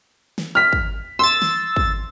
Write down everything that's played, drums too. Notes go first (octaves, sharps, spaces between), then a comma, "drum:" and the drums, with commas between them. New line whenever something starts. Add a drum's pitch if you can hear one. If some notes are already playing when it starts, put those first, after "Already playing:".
drum: snare
F6 B6
drum: kick
C6 E6 A6
drum: snare
drum: kick